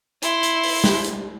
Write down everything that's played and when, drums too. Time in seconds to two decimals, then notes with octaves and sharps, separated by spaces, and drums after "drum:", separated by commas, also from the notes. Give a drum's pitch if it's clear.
0.22 E4 C6, drum: hi-hat
0.43 drum: hi-hat
0.63 drum: open hi-hat
0.84 drum: snare
1.04 drum: hi-hat